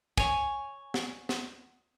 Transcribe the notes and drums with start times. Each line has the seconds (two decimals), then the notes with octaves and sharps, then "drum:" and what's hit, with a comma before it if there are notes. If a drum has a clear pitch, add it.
0.18 C#5 G#5, drum: kick
0.94 drum: snare
1.29 drum: snare